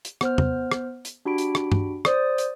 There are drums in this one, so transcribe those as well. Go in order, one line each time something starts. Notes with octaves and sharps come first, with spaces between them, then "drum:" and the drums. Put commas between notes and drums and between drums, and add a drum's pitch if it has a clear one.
drum: hi-hat
B3 C5 F6, drum: rim click
drum: tom
drum: rim click
drum: hi-hat
D4 F#4 G4 B5 D7
drum: hi-hat
drum: rim click
drum: tom G2
C5 D5 D#6, drum: rim click
drum: hi-hat